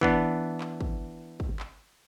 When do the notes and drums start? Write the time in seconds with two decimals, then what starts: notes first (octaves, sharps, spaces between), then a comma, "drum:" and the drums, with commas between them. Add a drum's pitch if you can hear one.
0.01 E3 B3 D4, drum: kick
0.61 drum: clap
0.81 drum: kick
1.40 drum: kick
1.60 drum: clap